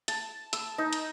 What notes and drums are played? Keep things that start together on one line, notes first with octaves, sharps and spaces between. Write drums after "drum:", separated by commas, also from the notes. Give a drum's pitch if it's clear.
A5, drum: hi-hat
E6, drum: hi-hat
D#4
drum: hi-hat